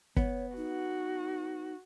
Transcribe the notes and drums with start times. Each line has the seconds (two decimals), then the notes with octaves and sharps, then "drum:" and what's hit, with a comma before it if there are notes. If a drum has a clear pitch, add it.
0.17 B3 C#5, drum: kick
0.57 D#4 F#4